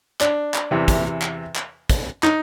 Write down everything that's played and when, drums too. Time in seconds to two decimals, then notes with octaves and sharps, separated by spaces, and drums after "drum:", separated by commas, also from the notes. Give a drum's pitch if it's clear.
0.21 D4, drum: clap
0.54 drum: clap
0.71 E2 C3 E3
0.88 drum: kick, hi-hat
1.22 drum: clap
1.56 drum: clap
1.90 drum: kick, hi-hat
2.23 D#4, drum: clap